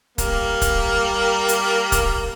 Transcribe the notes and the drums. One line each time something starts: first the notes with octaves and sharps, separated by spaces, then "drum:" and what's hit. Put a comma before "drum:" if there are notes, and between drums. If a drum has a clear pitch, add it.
G3 A#3, drum: kick, hi-hat
drum: kick, hi-hat
drum: hi-hat
drum: kick, hi-hat